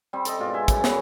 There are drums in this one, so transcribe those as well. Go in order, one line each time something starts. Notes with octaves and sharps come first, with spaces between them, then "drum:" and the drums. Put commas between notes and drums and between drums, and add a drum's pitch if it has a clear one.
G3 C4 D6
A4 D#5, drum: hi-hat
G#2 B2 F4 D5
E5 G#5 C6
F#2 C#3 D5, drum: kick, hi-hat
F#4 G#4 B4 C#5, drum: snare